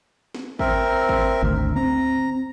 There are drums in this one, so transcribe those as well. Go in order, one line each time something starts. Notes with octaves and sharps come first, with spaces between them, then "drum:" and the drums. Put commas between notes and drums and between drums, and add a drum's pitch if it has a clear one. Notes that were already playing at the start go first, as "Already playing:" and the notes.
drum: snare
C4 A#4 E5, drum: kick G#1
drum: kick G#1
G#1 D2
C4 A#5